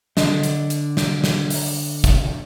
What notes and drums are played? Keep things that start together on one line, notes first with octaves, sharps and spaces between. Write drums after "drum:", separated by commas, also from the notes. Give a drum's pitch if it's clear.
D3 D4 D#5, drum: snare
drum: hi-hat
drum: hi-hat
drum: snare
drum: snare
drum: open hi-hat
drum: kick, hi-hat